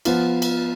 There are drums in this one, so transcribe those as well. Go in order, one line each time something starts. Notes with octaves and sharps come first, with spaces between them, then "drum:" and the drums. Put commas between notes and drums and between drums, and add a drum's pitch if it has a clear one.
F3 B3 F4, drum: cymbal
drum: cymbal